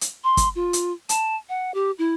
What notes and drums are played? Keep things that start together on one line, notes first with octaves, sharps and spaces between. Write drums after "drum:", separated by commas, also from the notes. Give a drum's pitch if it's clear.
drum: hi-hat
C6
drum: kick, hi-hat
F4
drum: hi-hat
A5, drum: hi-hat
F#5
G4
E4